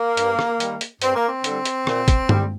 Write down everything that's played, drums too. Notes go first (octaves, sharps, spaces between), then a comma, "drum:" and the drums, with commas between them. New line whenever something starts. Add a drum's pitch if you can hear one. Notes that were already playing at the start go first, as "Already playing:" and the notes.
Already playing: A#3
G2, drum: hi-hat
drum: rim click
D#3 G3, drum: hi-hat
drum: hi-hat
G2 C4, drum: hi-hat
A#3
C4
D3 G3, drum: hi-hat
drum: hi-hat
A#2, drum: rim click
drum: kick, hi-hat
G3, drum: tom G2